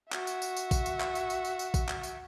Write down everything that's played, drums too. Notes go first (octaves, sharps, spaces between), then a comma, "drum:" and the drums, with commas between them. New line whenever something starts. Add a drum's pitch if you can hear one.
F#4 E5, drum: clap
drum: tambourine
drum: tambourine
drum: tambourine
drum: kick A1, tambourine
drum: tambourine
drum: clap
drum: tambourine
drum: tambourine
drum: tambourine
drum: tambourine
drum: kick A1, tambourine
drum: clap
drum: tambourine